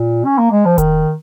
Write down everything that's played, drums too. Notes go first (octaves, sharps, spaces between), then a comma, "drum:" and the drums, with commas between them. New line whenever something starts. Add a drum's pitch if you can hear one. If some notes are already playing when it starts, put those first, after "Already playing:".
Already playing: A#2
C#4
A#3
G#3
F3
D#3, drum: kick E1, hi-hat